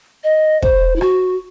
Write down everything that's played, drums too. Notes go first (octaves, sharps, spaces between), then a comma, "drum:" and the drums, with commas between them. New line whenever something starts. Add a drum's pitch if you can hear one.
D#5
C5, drum: kick
E4
F#4, drum: rim click